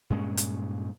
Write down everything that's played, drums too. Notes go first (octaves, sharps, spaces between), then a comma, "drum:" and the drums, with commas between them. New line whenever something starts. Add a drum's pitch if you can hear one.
G2 A#2 G#3 C#4
drum: hi-hat